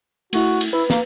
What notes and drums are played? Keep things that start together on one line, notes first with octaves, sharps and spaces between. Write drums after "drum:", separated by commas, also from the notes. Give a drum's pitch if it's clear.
A3 E4 F#4, drum: cymbal
drum: cymbal
E4 B4
A#3, drum: snare